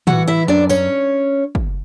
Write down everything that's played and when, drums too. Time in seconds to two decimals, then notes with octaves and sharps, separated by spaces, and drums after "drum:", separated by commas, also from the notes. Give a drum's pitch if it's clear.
0.07 E3 F#4 F#5, drum: tom A2
0.28 E4 E5
0.48 F#2 D4 D5
0.69 C#4 C#5, drum: tambourine
1.55 drum: kick